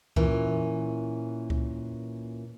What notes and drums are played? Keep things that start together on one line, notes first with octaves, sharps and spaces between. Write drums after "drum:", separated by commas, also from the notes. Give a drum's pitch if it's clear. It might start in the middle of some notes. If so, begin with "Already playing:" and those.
A#2 E3 C#4, drum: kick C#2
drum: kick C#2